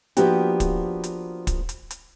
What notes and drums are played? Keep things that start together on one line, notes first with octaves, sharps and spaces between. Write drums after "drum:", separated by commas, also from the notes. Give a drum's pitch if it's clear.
F3 A#3 B3 D4 F#4 G4, drum: hi-hat
drum: kick, hi-hat
drum: hi-hat
drum: kick, hi-hat
drum: hi-hat
drum: hi-hat